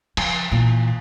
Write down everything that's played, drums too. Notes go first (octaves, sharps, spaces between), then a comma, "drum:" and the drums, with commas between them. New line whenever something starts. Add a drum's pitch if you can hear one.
C#3 F3, drum: cymbal
A#2 E3